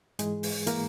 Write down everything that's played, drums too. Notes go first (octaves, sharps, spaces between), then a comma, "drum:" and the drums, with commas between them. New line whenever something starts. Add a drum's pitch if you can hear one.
G#2 E3 G#3 G#4, drum: hi-hat
drum: open hi-hat
E3 A#3 A#4, drum: hi-hat